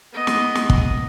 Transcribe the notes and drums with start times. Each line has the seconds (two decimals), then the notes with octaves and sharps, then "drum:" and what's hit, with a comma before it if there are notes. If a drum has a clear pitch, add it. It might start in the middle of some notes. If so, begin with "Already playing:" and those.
0.13 B3 D#5
0.27 drum: snare
0.55 drum: snare
0.70 drum: kick